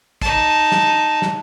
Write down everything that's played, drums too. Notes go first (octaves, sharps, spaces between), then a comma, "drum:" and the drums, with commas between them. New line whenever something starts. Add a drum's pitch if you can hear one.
D#4 A5, drum: kick, hi-hat
drum: snare
drum: snare